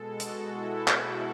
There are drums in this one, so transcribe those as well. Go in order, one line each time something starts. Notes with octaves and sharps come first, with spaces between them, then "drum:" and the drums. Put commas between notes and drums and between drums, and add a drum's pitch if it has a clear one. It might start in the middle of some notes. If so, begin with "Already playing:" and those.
Already playing: B2 G#3 A4
F#4, drum: hi-hat
E4
F#4, drum: clap